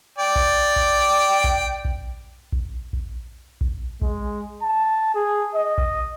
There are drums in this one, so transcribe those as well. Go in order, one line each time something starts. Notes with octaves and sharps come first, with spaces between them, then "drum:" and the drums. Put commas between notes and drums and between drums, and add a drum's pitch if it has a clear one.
D5 G5
drum: kick A#1
drum: kick A#1
drum: kick A#1
drum: kick A#1
drum: kick A#1
drum: kick A#1
drum: kick A#1
G#3, drum: kick A#1
A5
G#4
D#5
drum: kick A#1